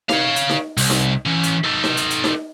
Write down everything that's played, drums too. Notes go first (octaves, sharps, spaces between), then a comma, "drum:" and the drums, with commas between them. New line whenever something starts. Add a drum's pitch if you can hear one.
C#5 F5, drum: snare D#4
drum: hi-hat
drum: snare D#4
C2, drum: open hi-hat
drum: snare D#4
E3 C#4
drum: hi-hat
D#4 A4
drum: snare D#4
drum: hi-hat
drum: hi-hat
drum: snare D#4